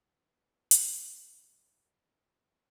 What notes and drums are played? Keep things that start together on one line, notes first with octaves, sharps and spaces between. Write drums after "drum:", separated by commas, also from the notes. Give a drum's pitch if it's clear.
B3 E4
drum: hi-hat